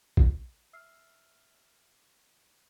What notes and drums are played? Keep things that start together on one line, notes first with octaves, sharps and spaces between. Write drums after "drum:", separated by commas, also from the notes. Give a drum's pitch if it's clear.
drum: kick A#1
E5 E6 F6 C7